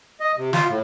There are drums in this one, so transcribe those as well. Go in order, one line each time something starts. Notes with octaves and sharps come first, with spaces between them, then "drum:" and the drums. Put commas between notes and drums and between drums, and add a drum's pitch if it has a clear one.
D#5
C3
F4, drum: snare
A2